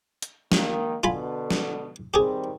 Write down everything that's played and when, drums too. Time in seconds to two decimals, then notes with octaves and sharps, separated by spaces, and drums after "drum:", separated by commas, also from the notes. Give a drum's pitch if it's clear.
0.22 drum: hi-hat
0.52 D#3 A#3, drum: snare
1.04 B2 D3 F4 G#5 B5
1.51 drum: snare
2.14 D#3 G3 C4 G4 G#4